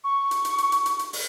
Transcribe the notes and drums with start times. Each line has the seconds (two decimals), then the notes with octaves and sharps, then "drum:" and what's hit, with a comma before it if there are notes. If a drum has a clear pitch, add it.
0.04 C#6
0.31 drum: hi-hat
0.45 drum: hi-hat
0.58 drum: hi-hat
0.72 drum: hi-hat
0.86 drum: hi-hat
0.99 drum: hi-hat
1.13 drum: open hi-hat